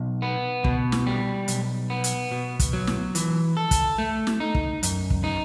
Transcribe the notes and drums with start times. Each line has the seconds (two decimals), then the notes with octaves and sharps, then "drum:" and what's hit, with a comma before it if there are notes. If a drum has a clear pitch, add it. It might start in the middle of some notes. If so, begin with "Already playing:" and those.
Already playing: B1
0.22 B3
0.64 B2, drum: kick
0.92 drum: snare
1.07 G3
1.48 B1, drum: hi-hat
1.90 B3
2.04 drum: hi-hat
2.31 B2
2.59 drum: kick, hi-hat
2.73 F#3
2.87 drum: snare
3.15 E3, drum: hi-hat
3.57 A4
3.71 drum: kick, hi-hat
3.98 A3
4.27 drum: snare
4.40 D#4
4.55 drum: kick
4.83 F#2, drum: hi-hat
5.10 drum: kick
5.24 D#4